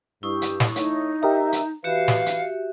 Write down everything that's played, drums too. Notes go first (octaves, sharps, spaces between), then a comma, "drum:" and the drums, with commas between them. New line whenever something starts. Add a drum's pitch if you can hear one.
G2 E4 G4 C#6 D#6
drum: hi-hat
drum: snare
A3 D#4 C#5, drum: hi-hat
G4 A#4 D#5 E5 A#5
drum: hi-hat
E3 F#4 G4 B4 E5 F5 C#7
drum: snare
drum: hi-hat